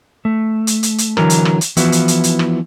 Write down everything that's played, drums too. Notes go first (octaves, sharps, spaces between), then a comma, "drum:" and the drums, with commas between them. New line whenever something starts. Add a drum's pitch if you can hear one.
A3
drum: hi-hat
drum: hi-hat
drum: hi-hat
D3 E3 F#3 A#4, drum: rim click
drum: hi-hat
drum: rim click
drum: hi-hat
E3 F3 B3 E4 F#4, drum: hi-hat
drum: hi-hat
drum: hi-hat
drum: hi-hat
drum: rim click